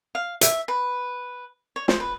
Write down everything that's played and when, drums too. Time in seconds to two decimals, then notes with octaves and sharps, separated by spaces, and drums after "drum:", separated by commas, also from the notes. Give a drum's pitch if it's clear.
0.15 F5
0.41 E5, drum: hi-hat
0.68 B4
1.76 C#5
1.88 C5, drum: snare
2.00 B4